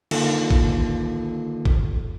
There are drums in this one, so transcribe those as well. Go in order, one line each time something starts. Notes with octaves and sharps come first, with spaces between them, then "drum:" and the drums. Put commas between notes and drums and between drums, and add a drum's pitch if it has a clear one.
D3 D#3 A#3 F4 A4, drum: cymbal
drum: kick
drum: kick